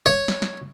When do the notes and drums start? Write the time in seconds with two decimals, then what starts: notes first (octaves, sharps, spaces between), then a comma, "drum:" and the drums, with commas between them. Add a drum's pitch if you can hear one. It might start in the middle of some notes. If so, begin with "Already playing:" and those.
0.06 C#5
0.28 drum: snare
0.42 drum: snare